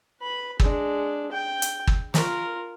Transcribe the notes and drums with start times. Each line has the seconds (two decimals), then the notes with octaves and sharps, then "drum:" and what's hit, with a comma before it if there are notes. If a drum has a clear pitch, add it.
0.21 B4 B5
0.60 G#3 D4, drum: kick
1.32 G5
1.62 drum: hi-hat
1.87 drum: kick
2.14 F4 A#4, drum: snare